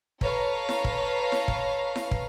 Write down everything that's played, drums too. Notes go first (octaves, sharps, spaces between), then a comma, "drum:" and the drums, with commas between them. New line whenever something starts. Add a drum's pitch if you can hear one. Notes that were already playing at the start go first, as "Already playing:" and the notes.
A4 B4 C#5 F5 A#5, drum: kick
drum: snare E4
drum: kick
drum: snare E4
drum: kick
drum: snare E4
drum: kick